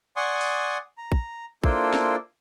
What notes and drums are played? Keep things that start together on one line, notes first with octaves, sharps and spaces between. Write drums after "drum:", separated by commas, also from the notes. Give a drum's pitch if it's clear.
D5 F#5 G#5 C6 C#6 D#6
drum: open hi-hat
A#5
drum: kick
A#3 D4 E4 F4 A4 C5, drum: kick
drum: snare